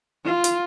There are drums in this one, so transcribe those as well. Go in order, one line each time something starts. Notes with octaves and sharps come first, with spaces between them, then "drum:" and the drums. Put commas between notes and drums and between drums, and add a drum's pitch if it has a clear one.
F4
drum: hi-hat